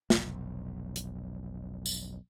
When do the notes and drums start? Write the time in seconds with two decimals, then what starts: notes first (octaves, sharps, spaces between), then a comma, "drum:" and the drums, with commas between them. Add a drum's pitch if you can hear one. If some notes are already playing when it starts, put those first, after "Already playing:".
0.10 F1 B1, drum: snare
0.96 drum: hi-hat
1.86 drum: tambourine